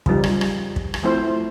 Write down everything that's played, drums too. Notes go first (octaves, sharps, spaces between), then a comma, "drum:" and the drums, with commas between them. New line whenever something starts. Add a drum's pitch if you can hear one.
C#3 F3 G3 D#4, drum: kick
drum: rim click
drum: rim click
drum: kick
drum: rim click
F3 A3 C4 E4 C5